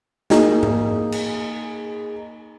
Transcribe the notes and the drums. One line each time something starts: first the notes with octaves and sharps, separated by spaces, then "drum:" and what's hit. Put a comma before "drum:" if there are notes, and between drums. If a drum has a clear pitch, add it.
A#3 D#4 G#4, drum: snare
drum: tom G#2
drum: cymbal